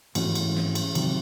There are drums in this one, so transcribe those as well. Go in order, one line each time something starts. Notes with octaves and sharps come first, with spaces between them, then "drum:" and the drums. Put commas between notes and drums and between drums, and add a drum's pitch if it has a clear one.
G#2 E3 A3 C#4 F#4, drum: cymbal
drum: cymbal
drum: snare
drum: cymbal
C3 D#3 F#3, drum: cymbal